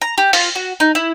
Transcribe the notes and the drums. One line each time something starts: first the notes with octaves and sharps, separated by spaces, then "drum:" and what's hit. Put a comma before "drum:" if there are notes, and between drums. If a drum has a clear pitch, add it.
A#5
G4
F4, drum: open hi-hat
F#4
D#4
E4